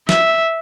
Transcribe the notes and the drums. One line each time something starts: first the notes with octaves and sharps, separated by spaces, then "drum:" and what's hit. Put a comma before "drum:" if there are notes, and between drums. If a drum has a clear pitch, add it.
E5, drum: snare